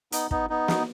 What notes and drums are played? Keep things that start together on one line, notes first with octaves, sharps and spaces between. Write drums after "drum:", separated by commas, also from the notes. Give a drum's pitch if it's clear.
B3 D#4, drum: hi-hat
B3 D#4, drum: kick
B3 D#4
drum: snare